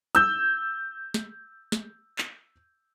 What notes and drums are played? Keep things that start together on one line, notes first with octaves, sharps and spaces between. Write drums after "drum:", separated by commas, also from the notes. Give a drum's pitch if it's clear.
E6 G6, drum: hi-hat
drum: snare
drum: snare
drum: clap